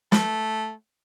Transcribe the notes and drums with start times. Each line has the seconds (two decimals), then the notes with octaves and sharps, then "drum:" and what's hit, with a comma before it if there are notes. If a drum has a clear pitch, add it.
0.12 A3, drum: snare